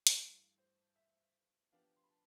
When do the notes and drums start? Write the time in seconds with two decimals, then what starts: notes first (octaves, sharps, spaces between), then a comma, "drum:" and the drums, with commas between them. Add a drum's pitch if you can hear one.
0.07 drum: hi-hat
0.19 G2 E3 A3 F5
0.58 C5
0.96 E5
1.72 F3 B3 D4 G4 F5
1.96 C6
2.03 B5
2.11 A5